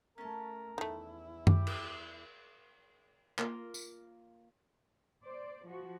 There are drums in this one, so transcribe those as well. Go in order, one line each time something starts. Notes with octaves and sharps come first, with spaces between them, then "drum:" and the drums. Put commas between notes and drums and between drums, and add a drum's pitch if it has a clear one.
A3 C#4 A#4 A5
E2 D#3 A3 E4
G4, drum: tom F#2
drum: cymbal
A#3 F4, drum: clap
drum: tambourine
C5 D5
F3 F#4